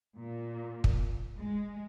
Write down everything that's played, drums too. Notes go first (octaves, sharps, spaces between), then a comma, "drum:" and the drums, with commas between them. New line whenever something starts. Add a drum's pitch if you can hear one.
A#2
drum: kick
G#3